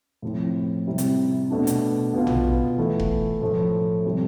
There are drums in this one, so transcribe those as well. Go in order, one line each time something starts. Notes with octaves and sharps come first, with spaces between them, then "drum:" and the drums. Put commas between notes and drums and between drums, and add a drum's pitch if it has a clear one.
A2 F3 C4 E4
C3 G3 C4 E4
drum: hi-hat
B2 A3 D4
drum: hi-hat
B2 B3 F4
drum: tom
E3 A3 E4
drum: kick F1
A2 F3 A3
C3 G3 C4